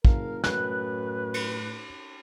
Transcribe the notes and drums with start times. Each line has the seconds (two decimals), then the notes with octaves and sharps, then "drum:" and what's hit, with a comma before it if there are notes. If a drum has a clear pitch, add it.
0.05 F#1 A#4 F5, drum: kick
0.44 F#2 A2 B4 F#6, drum: snare
1.34 drum: cymbal